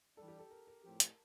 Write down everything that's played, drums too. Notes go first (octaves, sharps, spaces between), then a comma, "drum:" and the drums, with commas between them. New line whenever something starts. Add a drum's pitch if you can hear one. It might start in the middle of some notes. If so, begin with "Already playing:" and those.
E3 G3 D4 A4
G4
A4
A#4
A#4
A2 F3 C4 G4
drum: hi-hat